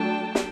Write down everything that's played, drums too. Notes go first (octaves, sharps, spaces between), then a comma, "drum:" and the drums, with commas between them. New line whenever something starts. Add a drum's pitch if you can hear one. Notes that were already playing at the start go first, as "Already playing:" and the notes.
Already playing: F#3 A3 D4 G5 A5
drum: snare